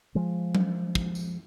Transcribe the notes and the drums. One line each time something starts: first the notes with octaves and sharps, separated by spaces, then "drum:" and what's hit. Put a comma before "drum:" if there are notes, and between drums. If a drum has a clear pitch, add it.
F3 G#3
drum: tom F#3
drum: kick
drum: tambourine